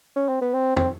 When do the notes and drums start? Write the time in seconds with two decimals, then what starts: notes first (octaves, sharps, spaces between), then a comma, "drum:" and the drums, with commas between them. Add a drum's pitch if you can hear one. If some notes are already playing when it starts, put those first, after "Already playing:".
0.16 C#4
0.29 C4
0.42 B3
0.54 C4
0.77 C4, drum: tom E2